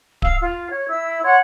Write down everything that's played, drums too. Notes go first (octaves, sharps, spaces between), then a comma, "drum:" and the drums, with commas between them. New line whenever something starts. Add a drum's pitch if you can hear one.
F5 E6, drum: kick D1
F4
C#5
E4 E6
C#5 F#5 C6